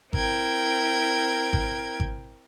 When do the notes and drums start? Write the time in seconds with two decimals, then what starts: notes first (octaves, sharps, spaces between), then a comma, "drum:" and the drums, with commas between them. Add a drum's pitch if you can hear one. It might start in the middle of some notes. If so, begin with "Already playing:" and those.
0.13 C4 E4 A#4 G5 G#6, drum: kick G#1
1.53 drum: kick G#1
2.00 drum: kick G#1